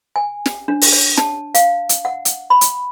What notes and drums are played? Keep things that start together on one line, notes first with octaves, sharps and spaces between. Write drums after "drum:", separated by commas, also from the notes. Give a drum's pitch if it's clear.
G#5
drum: snare
D4
drum: open hi-hat
C#5
A5, drum: snare
F5, drum: hi-hat
drum: hi-hat
F#5
drum: hi-hat
B5
drum: hi-hat